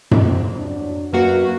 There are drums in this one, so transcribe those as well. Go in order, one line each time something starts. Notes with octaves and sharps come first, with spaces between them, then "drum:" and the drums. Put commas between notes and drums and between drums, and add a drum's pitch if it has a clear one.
C4, drum: tom F#2
F#3 D4
F#2 A#3 F#4 B4